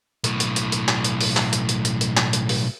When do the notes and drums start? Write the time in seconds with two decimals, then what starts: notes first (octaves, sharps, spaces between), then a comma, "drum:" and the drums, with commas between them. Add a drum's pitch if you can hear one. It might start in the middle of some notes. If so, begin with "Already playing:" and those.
0.24 B1 A2, drum: hi-hat
0.40 drum: hi-hat
0.56 drum: hi-hat
0.72 drum: hi-hat
0.88 drum: clap
1.04 drum: hi-hat
1.21 drum: open hi-hat
1.37 drum: clap
1.53 drum: hi-hat
1.69 drum: hi-hat
1.85 drum: hi-hat
2.01 drum: hi-hat
2.17 drum: clap
2.33 drum: hi-hat
2.49 drum: open hi-hat